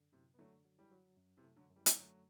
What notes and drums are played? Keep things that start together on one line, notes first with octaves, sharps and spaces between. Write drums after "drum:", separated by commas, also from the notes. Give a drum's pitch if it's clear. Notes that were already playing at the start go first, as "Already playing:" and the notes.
Already playing: F#2 D3
F#2 A2 C3
B3
D3 F#3 A3
F#3
E3 G3
F#3
F#2
C3 E3
A3
D3 F#3
F#2
E3 G3
drum: hi-hat
D3 F#3 A3